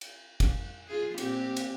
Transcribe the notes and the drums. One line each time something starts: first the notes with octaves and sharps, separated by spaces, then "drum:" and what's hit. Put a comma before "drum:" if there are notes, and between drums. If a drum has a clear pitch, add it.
drum: cymbal
drum: kick, cymbal
F4 G#4
A#2 C4 G4, drum: cymbal
drum: cymbal